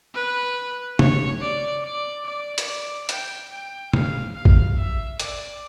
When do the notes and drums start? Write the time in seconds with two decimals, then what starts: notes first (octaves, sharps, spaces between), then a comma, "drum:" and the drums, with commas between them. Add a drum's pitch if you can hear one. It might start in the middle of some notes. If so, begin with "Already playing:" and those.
0.15 B4
0.99 C#5, drum: tom
1.41 D5
1.84 D5
2.25 D5
2.58 drum: hi-hat
2.67 D5
3.09 G5, drum: hi-hat
3.51 G5
3.93 F5, drum: tom B2
4.35 F5
4.45 drum: kick A1
4.78 E5
5.20 D5, drum: hi-hat